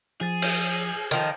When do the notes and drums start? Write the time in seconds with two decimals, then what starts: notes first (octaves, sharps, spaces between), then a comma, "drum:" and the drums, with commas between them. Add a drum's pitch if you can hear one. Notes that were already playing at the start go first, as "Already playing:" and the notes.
0.21 F3 G#4 A6
0.42 drum: cymbal
1.11 D#3 F3